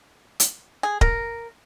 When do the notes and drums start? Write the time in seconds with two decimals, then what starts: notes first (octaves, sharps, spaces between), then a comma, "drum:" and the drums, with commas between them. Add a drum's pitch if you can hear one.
0.40 drum: hi-hat
0.83 G#4
1.01 A#4, drum: kick D#1